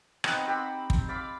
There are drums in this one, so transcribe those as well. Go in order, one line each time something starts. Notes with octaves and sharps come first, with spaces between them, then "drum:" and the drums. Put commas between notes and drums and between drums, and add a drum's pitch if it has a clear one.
B3 C4 D#4 F#5, drum: rim click
C4 G4 B5
drum: kick
D5 F5 B5 D6